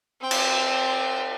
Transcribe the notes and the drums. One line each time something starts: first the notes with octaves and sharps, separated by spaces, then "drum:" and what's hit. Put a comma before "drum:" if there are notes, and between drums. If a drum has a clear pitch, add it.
C4 G5
drum: cymbal